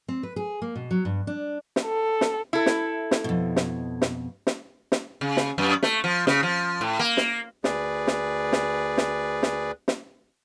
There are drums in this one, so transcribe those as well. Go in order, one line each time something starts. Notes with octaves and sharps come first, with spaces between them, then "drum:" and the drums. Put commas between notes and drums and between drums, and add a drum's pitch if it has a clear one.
C4
B4
G#4
A#3
B2
F#3
G2
D4
drum: snare
A4
drum: snare
E4 A4
drum: snare
drum: snare
F2 B2
drum: snare
drum: snare
drum: snare
drum: snare
C#3
drum: snare
F#2
A3, drum: snare
F3
C#3, drum: snare
F3
A2
A#3
drum: snare
D2 G#4 B4 D5, drum: snare
drum: snare
drum: snare
drum: snare
drum: snare
drum: snare